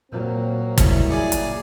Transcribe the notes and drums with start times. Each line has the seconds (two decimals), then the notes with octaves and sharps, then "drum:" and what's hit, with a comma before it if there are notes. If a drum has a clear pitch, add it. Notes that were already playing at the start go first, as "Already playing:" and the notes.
0.12 A#2 F#3 A#3 C4
0.78 C#2 G3 E4 C#7, drum: kick, hi-hat
1.10 G#4 D5 G#5
1.32 drum: hi-hat